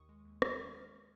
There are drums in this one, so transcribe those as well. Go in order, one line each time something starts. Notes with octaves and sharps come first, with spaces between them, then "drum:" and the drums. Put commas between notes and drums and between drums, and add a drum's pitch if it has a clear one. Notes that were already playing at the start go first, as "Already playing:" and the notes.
Already playing: D#2 D#3 C#6 D#6
G#3
D#2
D#2 C#6, drum: rim click
G#3 D#6
D#2 F6